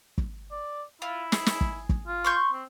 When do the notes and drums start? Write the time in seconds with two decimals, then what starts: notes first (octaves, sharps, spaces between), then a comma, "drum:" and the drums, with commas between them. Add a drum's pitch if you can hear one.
0.18 drum: kick
0.51 D5
1.02 E4 F4
1.32 G#4, drum: snare
1.46 drum: snare
1.61 drum: kick
1.89 drum: kick
2.07 F4
2.24 C6 C#6 G6
2.52 C4